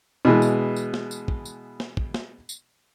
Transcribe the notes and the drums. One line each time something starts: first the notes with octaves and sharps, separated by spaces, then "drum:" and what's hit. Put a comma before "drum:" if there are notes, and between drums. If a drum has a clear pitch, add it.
B2 E3 G#3
drum: tambourine
drum: tambourine
drum: snare
drum: tambourine
drum: kick
drum: tambourine
drum: snare
drum: kick
drum: snare
drum: tambourine